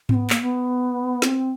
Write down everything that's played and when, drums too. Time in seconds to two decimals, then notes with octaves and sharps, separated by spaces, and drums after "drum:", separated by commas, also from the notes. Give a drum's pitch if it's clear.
0.09 C4, drum: tom G#2
0.14 B3
0.30 A#3, drum: clap
0.41 B3
1.22 C4, drum: snare